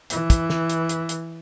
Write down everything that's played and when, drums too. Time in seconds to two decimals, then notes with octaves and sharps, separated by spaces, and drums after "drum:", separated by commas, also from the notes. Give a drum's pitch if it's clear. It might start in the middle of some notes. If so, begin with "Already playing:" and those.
0.10 E3, drum: hi-hat
0.30 drum: kick, hi-hat
0.50 drum: snare
0.70 drum: hi-hat
0.89 drum: hi-hat
1.09 drum: hi-hat